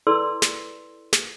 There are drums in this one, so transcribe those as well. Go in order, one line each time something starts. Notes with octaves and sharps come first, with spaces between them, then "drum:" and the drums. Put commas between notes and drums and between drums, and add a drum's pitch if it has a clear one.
E4 A4 B4 D5 C6 E6
drum: snare
drum: snare